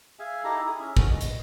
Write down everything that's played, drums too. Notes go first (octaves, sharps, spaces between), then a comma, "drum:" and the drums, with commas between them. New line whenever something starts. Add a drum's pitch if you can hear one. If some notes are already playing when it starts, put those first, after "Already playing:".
G#4 E5 F5 G#5
D#4 E4 G4 A4 A#5
E4 G#4 D#6
C#4 E5
A3 C#4 F#4, drum: kick
D#5
drum: hi-hat